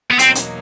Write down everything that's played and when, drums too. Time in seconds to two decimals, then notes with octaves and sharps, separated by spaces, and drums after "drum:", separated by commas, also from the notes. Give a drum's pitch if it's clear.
0.11 B3
0.19 E2 B2 F#3 A#3 C4 D#4, drum: hi-hat
0.35 drum: hi-hat